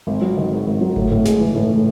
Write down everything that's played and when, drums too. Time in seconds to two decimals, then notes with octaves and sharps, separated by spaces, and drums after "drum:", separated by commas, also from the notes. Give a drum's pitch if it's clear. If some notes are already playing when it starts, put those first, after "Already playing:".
0.07 G#1
0.21 F#3
0.37 D#3
0.52 G#2
0.67 G#1
0.81 F#3
0.96 A2, drum: kick G1
1.11 A2
1.25 G#3, drum: snare
1.40 E3
1.55 A2
1.69 A2